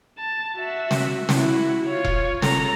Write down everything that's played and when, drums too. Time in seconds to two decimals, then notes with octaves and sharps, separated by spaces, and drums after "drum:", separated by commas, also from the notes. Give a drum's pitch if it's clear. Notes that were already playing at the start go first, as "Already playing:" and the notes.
0.18 A5
0.57 F#4 E5
0.91 drum: snare
1.29 E4 F#4, drum: snare
1.88 F4 C#5
2.04 drum: kick E1
2.42 A4 A#5, drum: snare